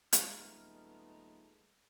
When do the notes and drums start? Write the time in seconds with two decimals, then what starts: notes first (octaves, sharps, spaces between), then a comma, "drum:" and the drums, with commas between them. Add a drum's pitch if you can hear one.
0.13 D#1 G#3 A3 B3 D#4 F6, drum: hi-hat